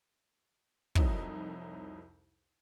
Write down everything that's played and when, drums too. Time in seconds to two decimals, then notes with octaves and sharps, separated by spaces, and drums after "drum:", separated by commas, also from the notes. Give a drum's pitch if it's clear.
0.95 C2 F2 F#3 D#4 E4, drum: kick